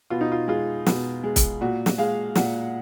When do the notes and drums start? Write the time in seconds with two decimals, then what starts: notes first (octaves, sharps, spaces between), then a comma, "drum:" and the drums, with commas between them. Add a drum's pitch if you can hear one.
0.10 B2 F4
0.21 D#4
0.32 F4
0.48 G#3 F4
0.86 B2, drum: snare
1.24 G#3
1.36 drum: kick, hi-hat
1.61 A#2 F#4
1.86 drum: snare
1.98 G#3 F5
2.35 A#2 F#5, drum: snare